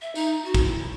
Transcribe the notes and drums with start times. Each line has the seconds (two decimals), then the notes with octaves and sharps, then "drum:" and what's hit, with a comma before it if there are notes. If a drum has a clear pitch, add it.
0.02 E5
0.15 D#4, drum: tambourine
0.44 F#4
0.54 drum: kick, tambourine
0.64 E4